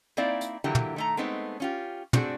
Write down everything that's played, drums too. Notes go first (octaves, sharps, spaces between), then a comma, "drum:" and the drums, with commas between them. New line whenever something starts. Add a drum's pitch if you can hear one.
A#3 C4 D#4 E4 D5 F5
drum: hi-hat
D3 E3 F#3 A#3 E4 G4
drum: tom
D#3 A3 A#5
G#3 A3 B3 C4 D#4
C#4 F4 G4
A3 C4 D4 F#4 G#4, drum: tom